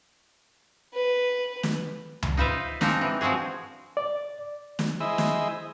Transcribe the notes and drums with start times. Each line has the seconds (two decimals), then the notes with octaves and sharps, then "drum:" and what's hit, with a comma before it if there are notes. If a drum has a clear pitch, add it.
0.94 B4
1.63 drum: snare
2.22 drum: tom C#2
2.37 D#4 F4 B4 C5 E5 F5
2.81 F3 G#3 C4 D4 D#4, drum: snare
3.01 E3
3.21 F3 G#3 C4 F#4 G#4
3.97 D5
4.79 drum: snare
5.00 E4 G#4 C5 D#5 E6
5.18 drum: snare